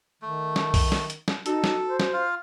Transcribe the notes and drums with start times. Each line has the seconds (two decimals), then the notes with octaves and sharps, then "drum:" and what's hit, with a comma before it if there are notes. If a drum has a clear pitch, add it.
0.22 D#3 A3
0.56 drum: snare
0.74 drum: kick B1, open hi-hat
0.92 drum: snare
1.10 drum: hi-hat
1.28 drum: snare
1.46 D#4 F#4 A4, drum: hi-hat
1.64 drum: snare
1.88 C5
2.00 drum: snare
2.13 F4 F5